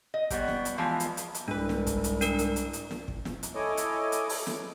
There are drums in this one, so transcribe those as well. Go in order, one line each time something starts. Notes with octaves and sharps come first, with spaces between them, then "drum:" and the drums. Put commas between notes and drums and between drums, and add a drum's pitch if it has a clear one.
D#5
G3 B3 C#5, drum: kick, hi-hat
drum: snare
drum: hi-hat
E3 F3 G#3 B3
drum: hi-hat
drum: hi-hat
drum: hi-hat
C2 G#2 D4 B4
drum: snare
drum: kick, hi-hat
drum: hi-hat
D4 A#4, drum: hi-hat
drum: hi-hat
drum: hi-hat
drum: hi-hat
drum: snare
drum: kick
drum: snare
drum: hi-hat
E4 A4 C#5 D#5 G#5 D6
drum: hi-hat
drum: hi-hat
drum: open hi-hat
drum: snare